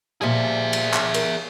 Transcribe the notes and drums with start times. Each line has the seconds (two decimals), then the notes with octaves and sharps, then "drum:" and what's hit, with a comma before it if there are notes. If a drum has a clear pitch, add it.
0.21 A#2 F3 G3 G#4 E5
0.73 drum: cymbal
0.94 drum: clap
1.14 A#4, drum: cymbal